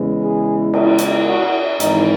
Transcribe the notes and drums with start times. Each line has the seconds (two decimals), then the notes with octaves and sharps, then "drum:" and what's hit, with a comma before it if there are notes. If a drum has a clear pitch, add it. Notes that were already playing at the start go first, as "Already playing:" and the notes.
Already playing: E2 C#3 E3 G#3
0.22 G#4
0.74 drum: cymbal
0.98 drum: hi-hat
1.27 F#4
1.80 G#1 G#2 E3 D#4, drum: hi-hat